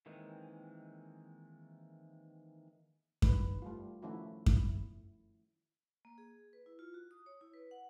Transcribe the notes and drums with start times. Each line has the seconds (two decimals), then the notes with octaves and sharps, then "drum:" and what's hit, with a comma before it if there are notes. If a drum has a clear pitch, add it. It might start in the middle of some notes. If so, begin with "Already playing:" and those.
0.06 D#3 E3 G#3 A#3 C4
3.22 E3 G3 D#4 B4, drum: kick F#2
3.62 G3 A3 F4
4.02 D#3 F3 A3 C#4 E4 F#4
4.46 E4, drum: kick F#2
6.05 A#3
6.18 G#4
6.53 B4
6.66 E4
6.79 F4
6.94 F#4
7.11 D#6
7.26 C#5
7.41 E4
7.53 B4
7.71 F#5